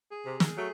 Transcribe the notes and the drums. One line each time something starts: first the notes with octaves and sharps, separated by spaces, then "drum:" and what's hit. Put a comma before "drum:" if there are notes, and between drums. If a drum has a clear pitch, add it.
G#4
C3
drum: snare
F#3 A3